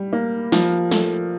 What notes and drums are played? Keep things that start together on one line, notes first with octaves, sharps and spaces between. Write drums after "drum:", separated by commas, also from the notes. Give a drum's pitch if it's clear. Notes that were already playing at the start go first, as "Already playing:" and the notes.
Already playing: G3
A#3
F3, drum: snare
A3, drum: snare